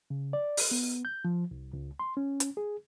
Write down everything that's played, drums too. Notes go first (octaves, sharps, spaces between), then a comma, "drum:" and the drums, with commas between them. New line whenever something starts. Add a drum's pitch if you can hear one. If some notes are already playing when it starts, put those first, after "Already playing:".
C#3
D5
drum: open hi-hat
B3
G6
F3
C2
C#2
C6
C#4
drum: hi-hat
G#4